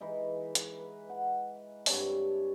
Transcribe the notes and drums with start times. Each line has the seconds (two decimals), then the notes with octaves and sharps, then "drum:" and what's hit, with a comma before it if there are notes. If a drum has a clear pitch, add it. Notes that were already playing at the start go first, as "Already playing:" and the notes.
0.01 E3 G#3 D#4
0.55 drum: hi-hat
0.79 B4
1.09 F#5
1.86 G2 C3 A4 C#5, drum: open hi-hat